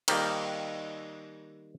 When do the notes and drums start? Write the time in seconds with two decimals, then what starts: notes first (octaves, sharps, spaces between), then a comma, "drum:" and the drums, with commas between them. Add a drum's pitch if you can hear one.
0.08 D#3 G3 A#3, drum: cymbal